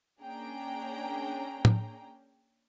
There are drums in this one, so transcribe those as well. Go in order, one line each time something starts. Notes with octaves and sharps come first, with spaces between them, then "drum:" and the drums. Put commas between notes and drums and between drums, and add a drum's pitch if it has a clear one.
A#3 C#4 D4 G#4 G5 A#5
drum: tom